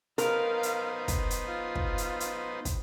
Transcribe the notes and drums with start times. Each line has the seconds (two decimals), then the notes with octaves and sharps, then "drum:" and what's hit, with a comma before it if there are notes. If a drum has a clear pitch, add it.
0.18 B3 D#4 A#4 C5 F5 A#5, drum: hi-hat
0.63 drum: hi-hat
1.08 drum: kick, hi-hat
1.30 drum: hi-hat
1.47 F4
1.75 drum: kick
1.98 drum: hi-hat
2.20 drum: hi-hat
2.65 drum: kick, hi-hat